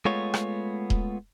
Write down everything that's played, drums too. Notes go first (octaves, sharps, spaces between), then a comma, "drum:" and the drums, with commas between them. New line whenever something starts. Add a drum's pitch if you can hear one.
G#3 A3 B3 F4 C#5
drum: rim click
drum: kick D#1